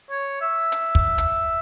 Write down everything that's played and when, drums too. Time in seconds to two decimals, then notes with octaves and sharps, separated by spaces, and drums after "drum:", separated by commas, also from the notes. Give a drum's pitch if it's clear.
0.10 C#5
0.41 E5
0.72 drum: hi-hat
0.95 drum: kick
1.18 drum: hi-hat